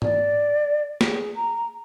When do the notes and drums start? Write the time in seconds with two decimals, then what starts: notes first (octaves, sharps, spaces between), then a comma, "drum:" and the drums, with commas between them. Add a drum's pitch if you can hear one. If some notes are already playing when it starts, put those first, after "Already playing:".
0.02 D5, drum: tom G#2
1.01 G#4, drum: snare
1.35 A#5